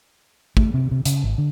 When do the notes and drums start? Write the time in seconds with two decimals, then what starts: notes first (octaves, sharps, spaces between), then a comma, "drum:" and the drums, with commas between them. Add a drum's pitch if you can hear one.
0.57 A3, drum: kick
0.74 C3
0.91 C3
1.05 C#3, drum: hi-hat
1.24 G#1
1.38 D3